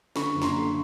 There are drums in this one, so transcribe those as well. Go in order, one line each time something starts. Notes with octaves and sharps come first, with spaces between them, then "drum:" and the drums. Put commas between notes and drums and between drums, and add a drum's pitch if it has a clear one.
D3 B5 C#6, drum: snare
F#1
A#5 C6, drum: snare
D3